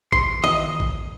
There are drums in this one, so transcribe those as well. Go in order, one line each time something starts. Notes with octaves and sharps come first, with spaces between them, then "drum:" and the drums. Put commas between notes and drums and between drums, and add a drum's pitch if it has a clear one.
C6, drum: kick A1
D#5, drum: tom D#3
drum: kick A1